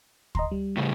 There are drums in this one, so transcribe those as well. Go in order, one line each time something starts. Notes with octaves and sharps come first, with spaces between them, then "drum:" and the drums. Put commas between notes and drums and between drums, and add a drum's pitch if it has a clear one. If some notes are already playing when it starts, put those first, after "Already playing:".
D#5 A#5 C6, drum: kick
G3
A2 C#3